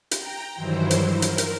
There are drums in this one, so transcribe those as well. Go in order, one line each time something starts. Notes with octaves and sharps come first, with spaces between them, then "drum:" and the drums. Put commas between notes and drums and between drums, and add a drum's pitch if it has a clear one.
G5 A#5, drum: hi-hat
G2 D#3 E3 F#3 E4 C5
drum: hi-hat
A#4
drum: hi-hat
drum: hi-hat